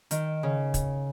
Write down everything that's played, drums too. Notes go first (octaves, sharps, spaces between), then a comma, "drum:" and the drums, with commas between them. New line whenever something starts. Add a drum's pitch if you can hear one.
D#3, drum: hi-hat
C#3
drum: kick, hi-hat